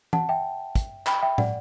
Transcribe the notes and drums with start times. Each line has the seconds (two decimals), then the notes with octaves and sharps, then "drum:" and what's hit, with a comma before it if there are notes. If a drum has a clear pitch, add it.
0.13 F#5 A5, drum: tom E3
0.29 E5 G5
0.75 drum: kick, hi-hat
1.07 G5 B5, drum: clap
1.22 E5 G5
1.38 D5 F#5, drum: tom